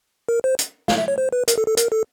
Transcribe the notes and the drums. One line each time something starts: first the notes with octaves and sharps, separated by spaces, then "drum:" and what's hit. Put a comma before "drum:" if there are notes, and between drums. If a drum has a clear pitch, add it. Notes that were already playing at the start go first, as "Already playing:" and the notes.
A#4
C5
drum: hi-hat
F5, drum: snare
E5
C#5
C5
B4
A#4, drum: hi-hat
A4
A4
A#4, drum: hi-hat
A4